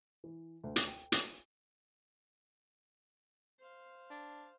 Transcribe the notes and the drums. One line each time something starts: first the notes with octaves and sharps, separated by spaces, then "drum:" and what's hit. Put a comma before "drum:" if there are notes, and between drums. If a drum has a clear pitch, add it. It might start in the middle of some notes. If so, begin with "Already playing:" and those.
E3
D2
drum: hi-hat
G5
drum: hi-hat
C5 F5
D4